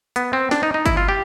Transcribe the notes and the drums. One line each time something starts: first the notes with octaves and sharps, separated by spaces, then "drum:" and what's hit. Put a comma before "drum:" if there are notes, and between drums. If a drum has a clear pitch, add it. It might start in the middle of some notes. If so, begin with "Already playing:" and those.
B3, drum: hi-hat
C4
D4, drum: snare
D#4
D#4
E4, drum: kick, hi-hat
F4
G4